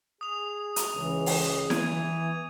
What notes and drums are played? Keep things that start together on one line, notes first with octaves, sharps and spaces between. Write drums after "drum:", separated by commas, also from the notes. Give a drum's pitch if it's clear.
G#4 D#6 F7
drum: hi-hat
C#2 E3
drum: open hi-hat
E3 B3 G#6 D#7, drum: snare E4